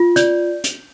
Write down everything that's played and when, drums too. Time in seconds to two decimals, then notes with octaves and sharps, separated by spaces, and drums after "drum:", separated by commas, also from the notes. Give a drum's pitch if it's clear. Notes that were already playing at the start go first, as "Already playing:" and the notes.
Already playing: F4
0.16 D5 G6, drum: hi-hat
0.64 drum: hi-hat